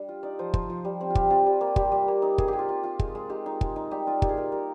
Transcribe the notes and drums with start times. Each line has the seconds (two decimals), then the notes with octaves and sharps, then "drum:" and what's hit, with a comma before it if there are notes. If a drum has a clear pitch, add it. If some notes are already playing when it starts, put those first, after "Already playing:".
Already playing: G3 D4
0.09 F4
0.23 D#4 D5
0.39 F3 C5
0.54 F3 C5, drum: kick
0.70 F3
0.85 G3
1.01 C4
1.10 F4
1.15 G3 G4, drum: kick
1.30 C4 F4
1.46 G3
1.61 A#3
1.76 G3 G4, drum: kick
1.92 G3
2.08 A#3
2.22 D#4
2.38 A#3 G#4, drum: kick
2.48 G4
2.53 A#3
2.59 F4
2.69 F4
2.84 F4
2.99 G#3, drum: kick
3.15 G#3
3.29 D#4 G4
3.46 D#4
3.61 G#3, drum: kick
3.76 D#4
3.91 G3 G4
4.07 D#4 F4
4.22 A#3 G4, drum: kick
4.29 G#4
4.37 A#3 G4
4.52 G3 A#4